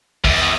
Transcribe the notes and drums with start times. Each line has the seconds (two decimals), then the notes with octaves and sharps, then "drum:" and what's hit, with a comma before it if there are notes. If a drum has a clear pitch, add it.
0.24 E2, drum: kick, open hi-hat